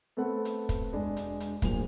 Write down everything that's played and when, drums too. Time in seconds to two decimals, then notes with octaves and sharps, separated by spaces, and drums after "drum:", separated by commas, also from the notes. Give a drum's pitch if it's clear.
0.17 A3 B3 C4 A4 F#5
0.45 drum: hi-hat
0.69 drum: kick, hi-hat
0.93 E1 G#3 D4
1.17 drum: hi-hat
1.40 drum: hi-hat
1.62 D1 A#2 F3 F7, drum: kick, hi-hat